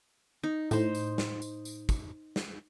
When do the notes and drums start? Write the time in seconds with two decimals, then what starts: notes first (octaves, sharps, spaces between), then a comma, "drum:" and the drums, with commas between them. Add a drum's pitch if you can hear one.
0.43 D#4
0.71 A2 D#4 C5, drum: tambourine
0.95 drum: tambourine
1.18 drum: snare
1.42 drum: tambourine
1.65 drum: tambourine
1.89 drum: kick, tambourine
2.36 drum: snare